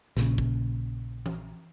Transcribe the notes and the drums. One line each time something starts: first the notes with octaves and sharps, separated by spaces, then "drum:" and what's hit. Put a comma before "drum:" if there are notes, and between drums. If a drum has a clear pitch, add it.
A#1 A#2 C#3, drum: snare
drum: kick
drum: tom E3